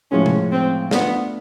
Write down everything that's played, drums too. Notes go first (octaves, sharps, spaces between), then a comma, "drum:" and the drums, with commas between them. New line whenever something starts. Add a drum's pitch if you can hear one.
A2 F3 G#3 C#4
drum: tom C3
C4
A3 B3 D4 F4, drum: snare